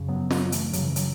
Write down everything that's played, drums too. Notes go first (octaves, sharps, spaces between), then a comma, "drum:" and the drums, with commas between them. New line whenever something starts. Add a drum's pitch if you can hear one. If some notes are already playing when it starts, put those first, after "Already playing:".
Already playing: F#2 C#3
F#3 B3
F#3, drum: snare
E3 A3, drum: hi-hat
F#2 C#3 F#3, drum: hi-hat
E3
F#3, drum: hi-hat